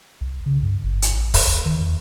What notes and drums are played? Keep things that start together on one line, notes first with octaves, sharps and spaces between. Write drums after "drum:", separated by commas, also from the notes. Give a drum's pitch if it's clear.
C2
C#3
G2
G1
drum: hi-hat
A1
drum: kick, open hi-hat
D#2
D#3
E2